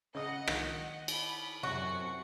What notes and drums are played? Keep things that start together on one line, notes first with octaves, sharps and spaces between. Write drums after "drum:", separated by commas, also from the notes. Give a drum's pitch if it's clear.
C#3 D#5 F#5 D#6
D#3, drum: rim click
B5, drum: cymbal
F#2 C3 F#4 C#7